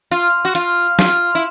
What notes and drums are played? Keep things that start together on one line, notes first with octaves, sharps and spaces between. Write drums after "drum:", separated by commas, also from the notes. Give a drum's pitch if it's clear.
F4
F#4
F4, drum: hi-hat
F4, drum: snare
E4